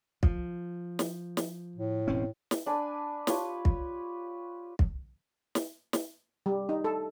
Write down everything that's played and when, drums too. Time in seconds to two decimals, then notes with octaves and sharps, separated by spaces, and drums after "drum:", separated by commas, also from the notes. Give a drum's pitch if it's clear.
0.23 F3, drum: kick
0.99 drum: snare
1.37 drum: snare
1.76 A2
2.08 E1 C4 C#4
2.51 drum: snare
2.66 D4 B4 G#5
3.27 F4 G4 B4 C#5, drum: snare
3.65 drum: kick
4.79 drum: kick
5.55 drum: snare
5.93 drum: snare
6.46 G3
6.69 D#4
6.84 A4